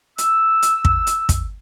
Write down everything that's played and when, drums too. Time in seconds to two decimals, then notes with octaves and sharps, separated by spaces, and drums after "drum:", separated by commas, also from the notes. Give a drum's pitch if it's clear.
0.18 E6, drum: hi-hat
0.62 drum: hi-hat
0.85 drum: kick
1.07 drum: hi-hat
1.29 drum: kick, hi-hat